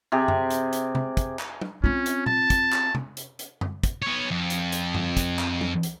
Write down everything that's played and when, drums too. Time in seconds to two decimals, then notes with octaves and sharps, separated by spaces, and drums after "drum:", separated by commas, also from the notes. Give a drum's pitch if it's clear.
0.12 C3 G4 G#4
0.28 drum: tom F#2
0.50 drum: hi-hat
0.73 drum: hi-hat
0.95 drum: tom C3
1.17 drum: kick, hi-hat
1.39 drum: clap
1.61 drum: tom
1.84 C4 C#4 F4
2.06 drum: hi-hat
2.26 A5, drum: tom A#2
2.50 drum: kick, hi-hat
2.72 drum: clap
2.95 drum: tom C3
3.17 drum: hi-hat
3.39 drum: hi-hat
3.61 drum: tom F#2
3.84 drum: kick, hi-hat
4.02 B3 C#5
4.31 F2
4.50 drum: hi-hat
4.72 drum: hi-hat
4.95 drum: tom F#2
5.17 drum: kick, hi-hat
5.39 drum: clap
5.61 drum: tom
5.83 drum: hi-hat